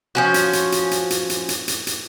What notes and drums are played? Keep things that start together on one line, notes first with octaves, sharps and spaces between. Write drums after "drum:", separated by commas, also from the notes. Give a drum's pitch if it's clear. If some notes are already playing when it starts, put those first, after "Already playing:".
F3 C#4 F#4
drum: hi-hat
drum: hi-hat
drum: hi-hat
drum: hi-hat
drum: hi-hat
drum: hi-hat
drum: hi-hat
drum: hi-hat
drum: hi-hat